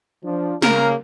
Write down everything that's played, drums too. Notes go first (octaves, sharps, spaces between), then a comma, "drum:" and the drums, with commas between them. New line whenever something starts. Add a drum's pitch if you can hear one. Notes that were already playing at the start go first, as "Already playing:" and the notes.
F3 D4
C#3 A#3 A#4, drum: snare